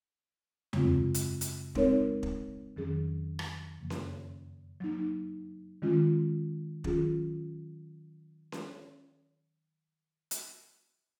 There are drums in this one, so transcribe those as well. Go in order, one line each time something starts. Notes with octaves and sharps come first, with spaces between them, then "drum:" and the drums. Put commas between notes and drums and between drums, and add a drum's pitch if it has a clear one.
F#2 C#3 G#3 C4 F4, drum: tom E2
drum: hi-hat
drum: hi-hat
G#3 C4 D#4 A#4 C#5, drum: kick
drum: kick
F2 D#3 F#3 C#4 G#4
drum: rim click
F#2 C#3 F3 A#3
drum: snare C#4
F#3 A#3 D#4
D#3 G#3 C#4 F4
D#3 F#3 C#4 F4 G#4, drum: kick
drum: snare C#4
drum: hi-hat